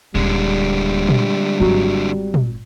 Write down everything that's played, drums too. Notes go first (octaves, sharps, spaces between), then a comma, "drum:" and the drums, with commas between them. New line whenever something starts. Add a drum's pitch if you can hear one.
D#1 D3 G3 G#3
drum: tom A#2
G#1 F#3
drum: tom A#2